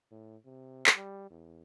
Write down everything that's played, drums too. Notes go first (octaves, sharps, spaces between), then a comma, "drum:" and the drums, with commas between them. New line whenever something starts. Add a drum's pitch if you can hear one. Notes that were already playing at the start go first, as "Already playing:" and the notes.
A2
C3
drum: clap
G3
E2